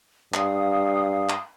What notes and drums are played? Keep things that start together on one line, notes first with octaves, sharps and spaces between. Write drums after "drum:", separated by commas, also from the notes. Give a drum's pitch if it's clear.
G2 F5 D#6, drum: clap
drum: clap